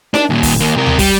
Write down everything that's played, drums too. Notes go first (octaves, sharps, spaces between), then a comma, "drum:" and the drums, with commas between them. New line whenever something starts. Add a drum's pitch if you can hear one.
D4, drum: snare D#4
D#2 A#2
drum: kick, open hi-hat
D#2 A#3
C3 A#4
drum: tom D2
G3, drum: kick, open hi-hat